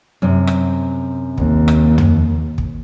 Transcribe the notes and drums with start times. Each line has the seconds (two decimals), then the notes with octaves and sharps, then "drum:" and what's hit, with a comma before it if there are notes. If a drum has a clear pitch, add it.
0.22 F#2 C3
0.47 drum: rim click
1.38 D#2, drum: kick
1.68 drum: rim click
1.98 drum: tom
2.58 drum: kick